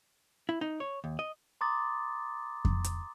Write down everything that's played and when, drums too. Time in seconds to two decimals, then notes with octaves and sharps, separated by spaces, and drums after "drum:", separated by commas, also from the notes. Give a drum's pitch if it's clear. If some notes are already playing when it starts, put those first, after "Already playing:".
0.49 E4
0.61 D#4
0.80 C#5
1.04 D#2
1.19 D#5
1.61 A#5 C6 D6 D#6 A6
2.65 drum: kick F2
2.84 drum: hi-hat